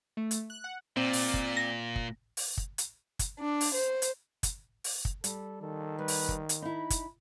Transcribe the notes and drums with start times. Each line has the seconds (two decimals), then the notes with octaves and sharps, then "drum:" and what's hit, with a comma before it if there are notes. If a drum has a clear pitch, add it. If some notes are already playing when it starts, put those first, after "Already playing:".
0.17 A3
0.31 drum: hi-hat
0.50 F#6
0.64 F#5
0.97 A#2 C4 D5
1.13 drum: open hi-hat
1.34 drum: kick
1.57 A#6
1.96 drum: kick
2.37 drum: open hi-hat
2.58 drum: kick
2.78 drum: hi-hat
3.19 drum: kick, hi-hat
3.40 D4
3.61 drum: open hi-hat
3.74 C5
4.02 drum: hi-hat
4.43 drum: kick, hi-hat
4.84 drum: open hi-hat
5.05 drum: kick
5.24 G3 A4, drum: hi-hat
5.62 D#3 A4
5.99 G3 B4
6.08 drum: open hi-hat
6.29 drum: kick
6.49 drum: hi-hat
6.62 D#4 E4 B5
6.90 drum: kick, hi-hat